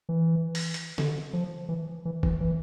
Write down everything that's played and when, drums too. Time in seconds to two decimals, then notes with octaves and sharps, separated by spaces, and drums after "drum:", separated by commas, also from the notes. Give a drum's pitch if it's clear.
0.09 E3
0.55 drum: open hi-hat
0.74 drum: hi-hat
0.98 D3, drum: snare
1.33 F3
1.69 E3
2.05 E3
2.23 E3, drum: kick
2.40 E3